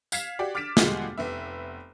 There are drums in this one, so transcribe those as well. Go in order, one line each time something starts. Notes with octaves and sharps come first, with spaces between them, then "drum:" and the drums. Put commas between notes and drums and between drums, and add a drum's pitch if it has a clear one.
F5 G#6 B6 C7 E7, drum: tambourine
F#4 G4 D5
D6 F6 A6 B6 D7 E7
D3 G3 G#3 F4 F#4 G#4, drum: snare
F1 B3 E5